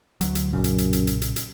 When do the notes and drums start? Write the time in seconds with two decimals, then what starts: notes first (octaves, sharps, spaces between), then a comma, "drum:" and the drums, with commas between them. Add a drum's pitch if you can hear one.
0.21 D2 F#3, drum: hi-hat
0.35 drum: hi-hat
0.53 B1 F#2 A#2 C#3
0.64 drum: hi-hat
0.78 drum: hi-hat
0.93 drum: hi-hat
1.07 drum: hi-hat
1.22 drum: hi-hat
1.36 drum: hi-hat